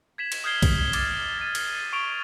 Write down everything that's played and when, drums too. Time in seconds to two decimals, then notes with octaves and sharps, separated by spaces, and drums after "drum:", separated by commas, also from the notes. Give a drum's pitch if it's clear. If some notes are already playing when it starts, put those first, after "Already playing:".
0.18 G#6 B6 E7 F#7
0.32 drum: cymbal
0.44 D#6 F6 G6 G#6 C7 G7
0.62 drum: kick A#1, cymbal
0.93 D6 F6 A6, drum: cymbal
1.39 A6 D#7
1.55 drum: cymbal
1.93 C#6 D7 F7